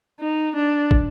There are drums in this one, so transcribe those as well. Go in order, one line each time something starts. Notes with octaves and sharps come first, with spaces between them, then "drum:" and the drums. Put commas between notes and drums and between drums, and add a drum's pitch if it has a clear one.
D#4
D4
drum: kick